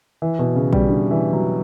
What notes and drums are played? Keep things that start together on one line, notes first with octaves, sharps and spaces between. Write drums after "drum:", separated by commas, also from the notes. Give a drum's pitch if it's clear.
E3
B2
C#3
G3, drum: kick A#1
D3
E3
F#3